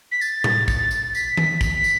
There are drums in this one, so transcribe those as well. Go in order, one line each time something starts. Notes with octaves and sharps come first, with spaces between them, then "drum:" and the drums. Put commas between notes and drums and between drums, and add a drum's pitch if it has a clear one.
B6
A6, drum: tambourine
drum: tom A2
A6, drum: kick, tambourine
drum: tambourine
B6, drum: tambourine
drum: tom D#3
B6, drum: kick, tambourine
drum: tambourine